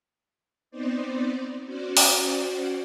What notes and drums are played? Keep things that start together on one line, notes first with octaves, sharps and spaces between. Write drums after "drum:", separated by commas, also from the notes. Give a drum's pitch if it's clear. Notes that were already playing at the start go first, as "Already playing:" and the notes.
B3 C4 D#4 C5 D5
C#4 F#4 C5 D5
drum: open hi-hat